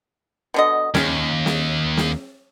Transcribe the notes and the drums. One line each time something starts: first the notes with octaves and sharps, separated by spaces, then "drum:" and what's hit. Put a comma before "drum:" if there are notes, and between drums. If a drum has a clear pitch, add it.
B2 D3 D#5
D#2 C#4, drum: snare
drum: snare
drum: snare